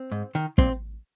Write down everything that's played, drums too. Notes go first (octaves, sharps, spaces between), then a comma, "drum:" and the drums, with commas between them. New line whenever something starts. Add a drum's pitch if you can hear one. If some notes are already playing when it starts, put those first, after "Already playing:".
Already playing: C4
G#2
D#3
A#2 C4, drum: kick